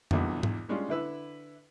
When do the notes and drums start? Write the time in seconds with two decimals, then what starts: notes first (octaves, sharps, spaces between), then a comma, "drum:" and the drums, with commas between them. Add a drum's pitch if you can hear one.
0.11 B1 E2 G2 A#2 D3, drum: tom F2
0.43 drum: tom G#2
0.69 G3 G#3 C#4 D4 F4
0.89 D3 E4 B4 E6